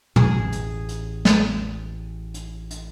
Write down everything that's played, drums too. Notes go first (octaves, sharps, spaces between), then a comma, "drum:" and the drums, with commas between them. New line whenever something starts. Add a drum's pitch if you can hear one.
A1 G#4, drum: tom
drum: hi-hat
drum: hi-hat
drum: snare
drum: hi-hat
drum: hi-hat